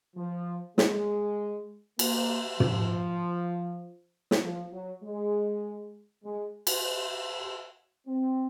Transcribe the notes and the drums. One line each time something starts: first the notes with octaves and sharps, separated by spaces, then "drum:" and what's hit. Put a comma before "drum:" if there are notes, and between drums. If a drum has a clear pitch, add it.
F3
G#3, drum: snare
A#3, drum: cymbal
F3, drum: tom
drum: snare
F3
F#3
G#3
G#3
drum: cymbal
C4